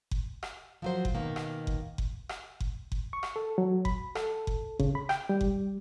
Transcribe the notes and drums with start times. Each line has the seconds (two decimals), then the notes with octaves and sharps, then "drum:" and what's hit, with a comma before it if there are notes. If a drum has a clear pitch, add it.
0.11 drum: kick F#1
0.43 drum: rim click
0.82 F3 F#3 C5
1.05 drum: kick F#1
1.14 B2 D#3 A#3
1.36 drum: rim click
1.67 drum: kick F#1
1.98 drum: kick F#1
2.29 drum: rim click
2.60 drum: kick F#1
2.92 drum: kick F#1
3.13 C#6
3.23 drum: rim click
3.36 A4
3.58 F#3
3.85 B5, drum: kick F#1
4.15 A4, drum: rim click
4.47 drum: kick F#1
4.80 C#3, drum: kick F#1
4.95 B5
5.09 G5, drum: rim click
5.29 G3
5.41 drum: kick F#1